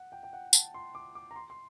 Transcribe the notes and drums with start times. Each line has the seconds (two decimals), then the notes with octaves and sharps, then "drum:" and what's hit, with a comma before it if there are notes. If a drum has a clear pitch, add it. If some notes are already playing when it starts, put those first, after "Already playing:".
Already playing: F#5
0.12 G5
0.23 G5
0.33 F#5
0.53 A5, drum: tambourine
0.74 C6
0.95 D6
1.15 D6
1.31 A#5
1.36 C6
1.50 C6